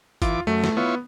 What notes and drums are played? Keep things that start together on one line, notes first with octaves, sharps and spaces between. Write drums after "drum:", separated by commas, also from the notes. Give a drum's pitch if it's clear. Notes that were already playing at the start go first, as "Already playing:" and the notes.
E3 F4 D6, drum: kick, hi-hat
F#2 A3
drum: snare
B3 E4 F4 C#5